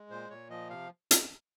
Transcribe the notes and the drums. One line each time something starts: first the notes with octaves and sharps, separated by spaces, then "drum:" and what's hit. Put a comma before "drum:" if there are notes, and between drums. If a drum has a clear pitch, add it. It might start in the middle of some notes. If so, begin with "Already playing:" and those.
Already playing: G#3
A#2 C5
A#2 C#5
F3 D#5
C3 F5
drum: hi-hat